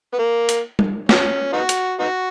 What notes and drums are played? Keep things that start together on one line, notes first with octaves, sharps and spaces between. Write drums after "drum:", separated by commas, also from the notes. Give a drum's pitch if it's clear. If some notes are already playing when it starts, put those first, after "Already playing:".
B3
A#3
drum: hi-hat
drum: tom G3
C#4, drum: snare
B3 D#4 F#4
drum: hi-hat
B3 D#4 F#4